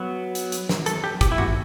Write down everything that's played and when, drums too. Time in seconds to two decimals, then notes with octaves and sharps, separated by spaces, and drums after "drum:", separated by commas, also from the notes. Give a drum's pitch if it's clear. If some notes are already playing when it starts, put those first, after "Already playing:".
Already playing: F#3 B3
0.35 drum: hi-hat
0.52 drum: hi-hat
0.69 drum: snare
0.86 A4, drum: hi-hat
1.04 G4
1.21 G4, drum: kick, hi-hat
1.32 E4
1.38 F#4, drum: tom G2